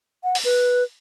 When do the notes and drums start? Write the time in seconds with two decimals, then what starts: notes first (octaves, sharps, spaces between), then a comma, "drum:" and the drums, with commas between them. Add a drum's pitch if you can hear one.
0.24 F#5
0.35 drum: open hi-hat
0.45 B4